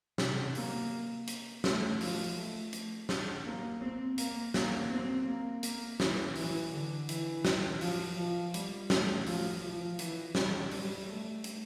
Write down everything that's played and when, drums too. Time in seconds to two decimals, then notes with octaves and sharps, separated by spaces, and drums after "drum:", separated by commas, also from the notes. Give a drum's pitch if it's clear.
0.18 C3, drum: snare
0.55 A#3, drum: open hi-hat
1.27 drum: hi-hat
1.64 A3, drum: snare
2.01 F3, drum: open hi-hat
2.36 A3
2.73 drum: hi-hat
3.09 drum: snare
3.45 A#3
3.82 C4
4.18 A#3, drum: hi-hat
4.54 A#3, drum: snare
4.90 C4
5.27 A#3
5.63 A#3, drum: hi-hat
6.00 E3, drum: snare
6.35 E3, drum: open hi-hat
6.72 D3
7.09 E3, drum: hi-hat
7.45 drum: snare
7.81 F3, drum: open hi-hat
8.17 F3
8.54 G3, drum: hi-hat
8.90 A3, drum: snare
9.26 F3, drum: open hi-hat
9.62 F3
9.99 E3, drum: hi-hat
10.35 G3, drum: snare
10.71 G3, drum: open hi-hat
11.07 A3
11.44 drum: hi-hat